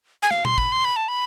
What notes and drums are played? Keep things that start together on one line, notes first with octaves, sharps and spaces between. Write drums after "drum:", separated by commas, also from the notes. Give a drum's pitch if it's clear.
G#5
F5, drum: snare
C6, drum: tom A#2
B5, drum: kick
C6
B5
A5
B5